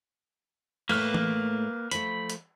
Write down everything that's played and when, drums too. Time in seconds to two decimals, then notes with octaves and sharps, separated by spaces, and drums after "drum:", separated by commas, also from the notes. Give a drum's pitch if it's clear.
0.89 A2 A3 A#3 B4 F6, drum: cymbal
1.14 drum: tom E3
1.91 F3 A3 B5, drum: hi-hat
2.30 drum: hi-hat